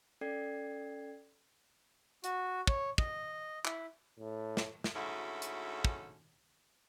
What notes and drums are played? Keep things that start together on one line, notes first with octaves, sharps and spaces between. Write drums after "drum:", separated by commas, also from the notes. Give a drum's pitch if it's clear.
C#4 A4 D5 G5 G#6 C7
F#4, drum: hi-hat
C#5, drum: kick
D#5, drum: kick
E4, drum: clap
A2
drum: snare
drum: snare
D2 G#2 C#4 E4 F#4 A4
drum: hi-hat
drum: kick